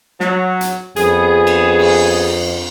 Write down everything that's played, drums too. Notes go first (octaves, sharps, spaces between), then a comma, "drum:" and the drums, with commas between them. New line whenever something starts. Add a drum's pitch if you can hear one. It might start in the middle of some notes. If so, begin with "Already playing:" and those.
F#3, drum: snare
drum: hi-hat
F2 B3 G#4, drum: hi-hat
drum: cymbal
drum: cymbal